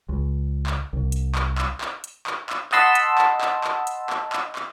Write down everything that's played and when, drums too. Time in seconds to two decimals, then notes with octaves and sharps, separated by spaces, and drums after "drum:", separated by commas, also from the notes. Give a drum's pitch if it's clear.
0.09 C#2
0.67 drum: clap
0.93 C2
1.12 drum: hi-hat
1.35 drum: clap
1.58 drum: clap
1.81 drum: clap
2.04 drum: hi-hat
2.27 drum: clap
2.50 drum: clap
2.72 D#5 F#5 A5 B5 C6 E6, drum: clap
2.95 drum: hi-hat
3.18 drum: clap
3.41 drum: clap
3.64 drum: clap
3.87 drum: hi-hat
4.10 drum: clap
4.33 drum: clap
4.56 drum: clap